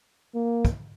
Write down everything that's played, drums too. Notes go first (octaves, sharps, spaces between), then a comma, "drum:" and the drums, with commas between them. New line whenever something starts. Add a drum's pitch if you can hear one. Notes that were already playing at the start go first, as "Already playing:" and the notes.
A#3
drum: kick, hi-hat